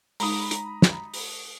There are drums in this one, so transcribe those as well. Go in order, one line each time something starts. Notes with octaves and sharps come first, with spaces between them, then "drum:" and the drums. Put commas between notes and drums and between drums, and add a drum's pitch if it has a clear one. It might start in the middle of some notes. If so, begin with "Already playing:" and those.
G#3 D#4 A#5 B5 D#6, drum: open hi-hat
drum: hi-hat
drum: snare
drum: open hi-hat